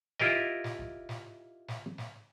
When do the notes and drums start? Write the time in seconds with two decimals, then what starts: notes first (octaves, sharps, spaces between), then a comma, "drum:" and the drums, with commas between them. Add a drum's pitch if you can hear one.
0.20 E4 F4 G4 A#4 D#5, drum: snare
0.64 drum: snare
0.79 drum: kick
1.09 drum: snare
1.68 drum: snare
1.98 drum: snare